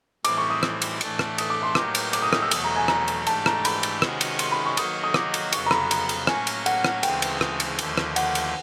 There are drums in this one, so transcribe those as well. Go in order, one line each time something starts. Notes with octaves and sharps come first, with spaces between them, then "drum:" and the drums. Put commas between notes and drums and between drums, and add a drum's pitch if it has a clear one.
A2 E3 G3 C4 E4 D6, drum: cymbal
C#6
D#6
drum: rim click
drum: cymbal
A2 E3 A3 D4, drum: cymbal
drum: rim click
D#6, drum: cymbal
D6
C6
A2 F#3 A#3 D#4 G4 D6, drum: rim click
drum: cymbal
D6, drum: cymbal
D#6
D#6, drum: rim click
E6
E2 B2 F#3 A3 D#6, drum: cymbal
A#5
G#5
A#5, drum: rim click
drum: cymbal
G#2 E3 A3 D4 G4 A5, drum: cymbal
A#5, drum: rim click
B5, drum: cymbal
drum: cymbal
C3 D#3 G#3 C#4 F#4, drum: rim click
drum: cymbal
C6, drum: cymbal
B5
C#6
D#3 F#3 A#3 D#4 F#4 D#6, drum: cymbal
D#6
D6, drum: rim click
drum: cymbal
F2 C#3 F#3 B3 C#6, drum: cymbal
A#5
B5, drum: rim click
A#5, drum: cymbal
drum: cymbal
A2 F#3 A#3 C#4 G#5, drum: rim click
drum: cymbal
F#5, drum: cymbal
drum: rim click
D2 C#3 E3 G#3 C4 G5, drum: cymbal
drum: cymbal
drum: rim click
drum: cymbal
D#2 D3 F3 A3, drum: cymbal
drum: rim click
F#5, drum: cymbal
drum: cymbal